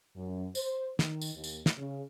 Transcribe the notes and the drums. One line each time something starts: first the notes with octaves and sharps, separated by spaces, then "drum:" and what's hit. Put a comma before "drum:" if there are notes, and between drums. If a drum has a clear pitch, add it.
F#2
C5, drum: tambourine
D#3, drum: snare
drum: tambourine
D#2
drum: tambourine
drum: snare
C#3